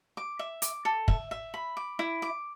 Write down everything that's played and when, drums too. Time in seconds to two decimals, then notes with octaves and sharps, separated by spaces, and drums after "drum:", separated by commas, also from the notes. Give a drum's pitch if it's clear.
0.17 D6
0.39 E5
0.62 D6, drum: hi-hat
0.85 A4
1.08 E5, drum: kick
1.31 E5
1.54 B5
1.77 D6
1.99 E4
2.22 D6